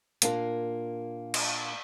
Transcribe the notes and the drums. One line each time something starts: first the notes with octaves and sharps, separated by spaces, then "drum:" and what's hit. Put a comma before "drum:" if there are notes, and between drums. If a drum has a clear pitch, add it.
A#2 A#3 D4 F4 A#4, drum: hi-hat
drum: cymbal